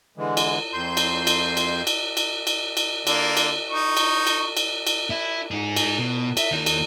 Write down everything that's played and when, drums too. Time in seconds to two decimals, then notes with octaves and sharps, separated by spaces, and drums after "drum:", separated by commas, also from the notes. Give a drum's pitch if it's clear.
0.17 D3 E3 G#3
0.37 drum: cymbal
0.73 F2 C6 G6
0.97 drum: cymbal
1.27 drum: cymbal
1.57 drum: cymbal
1.87 drum: cymbal
2.17 drum: cymbal
2.47 drum: cymbal
2.77 drum: cymbal
3.07 D3 A#3 D5, drum: cymbal
3.37 drum: cymbal
3.70 D#4 C#6
3.97 drum: cymbal
4.27 drum: cymbal
4.57 drum: cymbal
4.87 drum: cymbal
5.10 E4
5.51 D#4 G#4
5.76 drum: cymbal
5.98 B2
6.37 E5, drum: cymbal
6.51 D#2 D#4
6.66 drum: cymbal